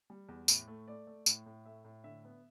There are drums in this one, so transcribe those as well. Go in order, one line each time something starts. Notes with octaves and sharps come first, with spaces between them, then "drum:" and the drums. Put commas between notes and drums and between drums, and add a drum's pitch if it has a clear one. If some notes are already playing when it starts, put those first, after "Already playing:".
G3
E2
A2, drum: tambourine
A3
A3 D5
A3
A2, drum: tambourine
A2
A3 E5
A2
D3 E5
B3